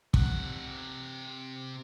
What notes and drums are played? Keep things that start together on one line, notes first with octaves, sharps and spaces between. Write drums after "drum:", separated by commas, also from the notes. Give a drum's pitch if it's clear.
C3 F#5, drum: kick